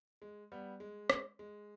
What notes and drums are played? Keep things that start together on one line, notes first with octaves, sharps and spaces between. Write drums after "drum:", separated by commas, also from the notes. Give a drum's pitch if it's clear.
G#3
G3 B3
G#3
drum: rim click
G#3